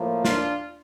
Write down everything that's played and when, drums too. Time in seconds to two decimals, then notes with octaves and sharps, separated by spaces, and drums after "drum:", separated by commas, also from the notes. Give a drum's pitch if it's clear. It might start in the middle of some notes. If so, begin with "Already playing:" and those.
Already playing: A2 F3 A#3
0.25 D4 F4, drum: snare